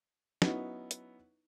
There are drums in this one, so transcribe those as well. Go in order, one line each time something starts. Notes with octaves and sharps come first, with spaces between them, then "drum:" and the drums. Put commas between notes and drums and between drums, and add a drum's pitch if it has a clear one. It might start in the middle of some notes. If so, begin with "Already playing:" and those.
F#3 B3 C#4 D#4 E4, drum: snare
drum: hi-hat